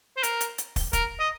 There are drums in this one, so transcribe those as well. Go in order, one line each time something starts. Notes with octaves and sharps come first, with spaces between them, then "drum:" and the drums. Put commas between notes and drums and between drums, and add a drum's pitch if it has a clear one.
C5
A#4, drum: hi-hat
drum: hi-hat
drum: hi-hat
drum: kick, open hi-hat
A#4, drum: kick, hi-hat
D#5